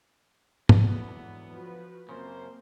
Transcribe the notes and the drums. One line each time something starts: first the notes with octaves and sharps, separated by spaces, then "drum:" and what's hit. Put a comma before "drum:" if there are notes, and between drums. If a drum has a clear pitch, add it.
E2 G#2 D3 E3 F#3 B3, drum: tom
F3 F#4 B4
F#2 C#3 A#3 C4 A#4 C5